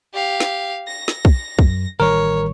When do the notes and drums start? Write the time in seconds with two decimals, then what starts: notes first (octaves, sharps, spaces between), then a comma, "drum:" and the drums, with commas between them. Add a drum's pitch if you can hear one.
0.14 G4 F5
0.40 drum: snare
0.88 A#6
1.08 drum: snare
1.25 drum: kick
1.59 F#2, drum: kick
2.00 A1 D#3 G3 A#4 C#5